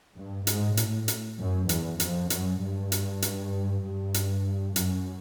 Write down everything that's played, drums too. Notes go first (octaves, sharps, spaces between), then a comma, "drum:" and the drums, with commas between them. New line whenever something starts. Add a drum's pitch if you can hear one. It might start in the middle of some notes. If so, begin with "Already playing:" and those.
G2
G#2, drum: hi-hat
A2, drum: hi-hat
drum: hi-hat
F#2
E2, drum: hi-hat
F2, drum: hi-hat
F#2, drum: hi-hat
G2
drum: hi-hat
drum: hi-hat
G2
drum: hi-hat
F#2, drum: hi-hat